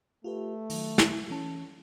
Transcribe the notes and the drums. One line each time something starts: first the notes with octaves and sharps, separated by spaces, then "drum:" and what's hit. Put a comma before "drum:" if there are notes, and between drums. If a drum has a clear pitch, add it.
A3 F4 G4 B4
D#3 F#3, drum: open hi-hat
drum: snare
E3 C#4 A5